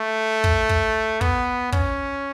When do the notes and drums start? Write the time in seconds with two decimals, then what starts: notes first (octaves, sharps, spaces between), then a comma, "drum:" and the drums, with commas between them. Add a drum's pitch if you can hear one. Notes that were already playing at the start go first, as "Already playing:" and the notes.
Already playing: A3
0.44 drum: kick
0.69 drum: kick
1.21 B3, drum: kick
1.72 C#4, drum: kick